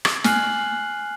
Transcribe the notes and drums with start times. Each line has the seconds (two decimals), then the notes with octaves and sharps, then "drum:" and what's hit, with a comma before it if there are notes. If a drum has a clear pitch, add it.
0.05 drum: rim click
0.24 G#5 F6 F#6 C7 F#7, drum: snare